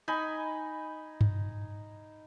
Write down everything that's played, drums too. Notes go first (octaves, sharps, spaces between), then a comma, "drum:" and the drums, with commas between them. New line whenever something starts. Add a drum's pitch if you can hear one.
D#4 G#5 B5
drum: tom G2